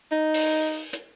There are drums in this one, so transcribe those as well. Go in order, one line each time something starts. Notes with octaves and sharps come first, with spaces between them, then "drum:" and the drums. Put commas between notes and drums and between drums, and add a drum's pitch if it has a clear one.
D#4
drum: open hi-hat
drum: hi-hat